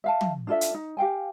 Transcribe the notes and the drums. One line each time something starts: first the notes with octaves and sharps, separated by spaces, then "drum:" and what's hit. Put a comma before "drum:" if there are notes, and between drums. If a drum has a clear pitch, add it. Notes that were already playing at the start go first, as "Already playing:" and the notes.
E5 F5 A5
drum: tom
D4 F4 A4 E5
drum: hi-hat
D#4
G4 F5 G5 G#5